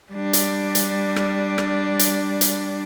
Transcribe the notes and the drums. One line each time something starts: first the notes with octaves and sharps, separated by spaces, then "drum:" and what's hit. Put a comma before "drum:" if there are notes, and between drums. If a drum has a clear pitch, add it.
G3 D4
drum: hi-hat
drum: hi-hat
drum: rim click
drum: rim click
drum: hi-hat
drum: hi-hat